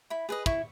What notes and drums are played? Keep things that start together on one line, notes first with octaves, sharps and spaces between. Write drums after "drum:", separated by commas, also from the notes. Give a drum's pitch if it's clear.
E4 B5
G#4 B4 D#5
E4 C#6, drum: kick